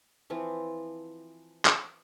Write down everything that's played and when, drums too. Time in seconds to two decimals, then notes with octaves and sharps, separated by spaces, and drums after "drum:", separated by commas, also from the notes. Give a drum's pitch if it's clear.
0.30 E3 F3 C4 F4
1.65 drum: clap